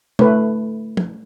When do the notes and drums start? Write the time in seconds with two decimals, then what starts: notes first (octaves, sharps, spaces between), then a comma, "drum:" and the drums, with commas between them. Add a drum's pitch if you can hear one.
0.19 A3 B4, drum: tom
0.97 drum: tom